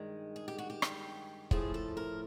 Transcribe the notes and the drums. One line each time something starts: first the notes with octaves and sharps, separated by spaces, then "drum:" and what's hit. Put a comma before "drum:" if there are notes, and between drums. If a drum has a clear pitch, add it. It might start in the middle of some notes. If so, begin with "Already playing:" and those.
Already playing: G2 D#3 G#3
G#4
G4
F#4
G4
drum: rim click
A2 F3 A3 G#4, drum: kick
A4
A#4